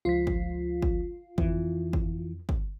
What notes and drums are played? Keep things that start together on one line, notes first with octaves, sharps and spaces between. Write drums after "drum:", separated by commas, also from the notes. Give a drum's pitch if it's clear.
C#2 F3 F4 B6
drum: kick
drum: kick
F2 E3, drum: kick
drum: kick
drum: kick